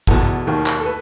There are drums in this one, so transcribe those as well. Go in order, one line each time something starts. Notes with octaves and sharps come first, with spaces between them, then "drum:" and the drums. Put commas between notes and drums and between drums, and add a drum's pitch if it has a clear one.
E2 B2 A4, drum: kick G#1
D#2 D#3
drum: clap
A4
B4